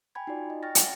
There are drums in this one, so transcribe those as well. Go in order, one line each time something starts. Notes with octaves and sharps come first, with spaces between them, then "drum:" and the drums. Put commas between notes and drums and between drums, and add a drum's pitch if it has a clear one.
G5 G#5 B5 G#6
D#4 F4 F#4 D5
D#5
G5 C#6 F6 A6 A#6
F#5, drum: hi-hat